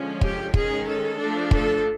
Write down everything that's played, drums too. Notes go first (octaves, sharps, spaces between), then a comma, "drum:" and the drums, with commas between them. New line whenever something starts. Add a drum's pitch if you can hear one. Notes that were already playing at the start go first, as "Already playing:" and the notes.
Already playing: D3 F3 G#3 C#4
G4, drum: kick
D#3 G#3 C#4 G#4, drum: kick
A4
F3 A3 D4
A4, drum: kick